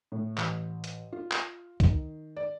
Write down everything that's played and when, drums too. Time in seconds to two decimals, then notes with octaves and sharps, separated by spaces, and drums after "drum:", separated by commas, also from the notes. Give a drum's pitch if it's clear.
0.12 A2
0.38 A1, drum: clap
0.84 drum: hi-hat
1.13 F4
1.32 drum: clap
1.80 D#3, drum: kick C#2, hi-hat
2.37 D5